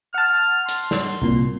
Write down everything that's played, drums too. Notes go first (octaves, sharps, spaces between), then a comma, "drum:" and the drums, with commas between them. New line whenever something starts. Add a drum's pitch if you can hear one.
F#5 A5 F6
C6, drum: hi-hat
drum: snare
C2 A#2